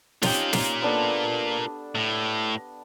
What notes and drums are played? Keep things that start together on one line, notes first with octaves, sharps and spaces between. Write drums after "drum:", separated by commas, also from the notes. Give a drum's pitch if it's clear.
C#4 D#4 F4 G4 G5, drum: snare
A#3 F4, drum: snare
B3 D4 A4
A2